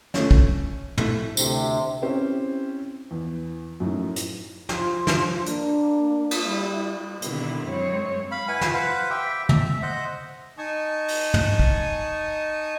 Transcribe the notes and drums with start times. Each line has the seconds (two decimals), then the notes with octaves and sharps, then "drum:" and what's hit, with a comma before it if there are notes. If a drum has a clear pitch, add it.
0.14 A3 C#4, drum: snare
0.31 drum: kick
0.98 A3 E4, drum: tom
1.37 D2 C3, drum: tambourine
2.02 C4 C#4 E4 G4 C5
3.11 E2
3.80 F#2 A2 D#4
4.16 drum: hi-hat
4.69 F3, drum: snare
5.07 drum: snare
5.46 A#3 D4, drum: hi-hat
6.31 drum: cymbal
6.46 G3 E4
7.22 B2 D3 D#3 C4 E4 G4, drum: hi-hat
7.66 F#2 G#3 C4 C#5
8.31 F5 B5
8.48 E4 B4 F#5 G#5
8.61 drum: snare
8.74 B4 C5 F5 F#5
9.10 G4 E5 G5
9.49 E5, drum: tom
9.82 C5 D#5 F#5
10.58 D#4 G#5 A5 C#6 D#6
11.08 drum: open hi-hat
11.34 drum: tom
11.59 drum: kick